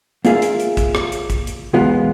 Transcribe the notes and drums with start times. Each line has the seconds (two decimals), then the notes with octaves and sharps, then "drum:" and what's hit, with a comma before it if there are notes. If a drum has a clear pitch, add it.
0.25 A#3 F4 G#4 E5 F5, drum: hi-hat
0.42 drum: hi-hat
0.60 drum: hi-hat
0.77 drum: kick, hi-hat
0.95 drum: rim click
1.12 drum: hi-hat
1.30 drum: kick, hi-hat
1.47 drum: hi-hat
1.73 B1 E2 G#3 B3 F4